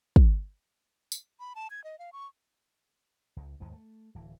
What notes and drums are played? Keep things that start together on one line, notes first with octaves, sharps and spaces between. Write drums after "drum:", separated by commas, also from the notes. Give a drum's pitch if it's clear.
drum: kick
drum: tambourine
B5
A5
G#6
D#5
F5
C#6
C#2
D#2 G#2 D#3 E3
A3
D1 E3